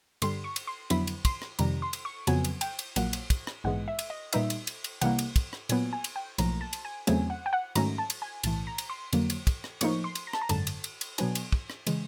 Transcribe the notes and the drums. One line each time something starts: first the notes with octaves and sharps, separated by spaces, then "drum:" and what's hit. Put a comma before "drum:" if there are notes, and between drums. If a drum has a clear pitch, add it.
G2 D3 G3 C6, drum: cymbal
C#6
drum: cymbal
C6
F2 D3 F#3 B3 E4 B5, drum: cymbal
drum: cymbal
C6, drum: kick, cymbal
drum: rim click
F2 C3 D#3 G3 A#5, drum: cymbal
C6
drum: cymbal
C#6
F2 C#3 F#3 B3 G#5, drum: cymbal
drum: cymbal
G5, drum: cymbal
drum: cymbal
A#1 A#2 F#3 A#3 F#5, drum: cymbal
drum: cymbal
drum: kick, cymbal
drum: rim click
A#1 G#2 E3 G#3 B3 F#5
E5
drum: cymbal
D#5
A#2 G3 B3 D#4 E5, drum: cymbal
drum: cymbal
drum: cymbal
drum: cymbal
C2 C3 E3 G3 A#3 F#5, drum: cymbal
drum: cymbal
drum: kick, cymbal
drum: rim click
A#2 F#3 B3 G#5, drum: cymbal
G#5
drum: cymbal
G5
B1 A2 F3 A#3 A#5, drum: cymbal
A5
drum: cymbal
G#5
E2 C#3 F#3 A3 C4 G#5, drum: cymbal
F#5
G5
F#5
G#2 D#3 F#3 A3 C#4 A#5, drum: cymbal
A5
drum: cymbal
G#5
B1 A2 E3 A5, drum: cymbal
A#5
drum: cymbal
C6
F2 D3 F#3 A#3, drum: cymbal
drum: cymbal
drum: kick, cymbal
drum: rim click
A2 F3 A#3 D#4 C#6, drum: cymbal
C6
drum: cymbal
A#5
A5, drum: rim click
A#5
G#1 F#2 D3 A5, drum: cymbal
drum: cymbal
drum: cymbal
drum: cymbal
B2 F#3 B3 D4 G#5, drum: cymbal
drum: cymbal
drum: kick
drum: rim click
C#3 E3 G#3, drum: cymbal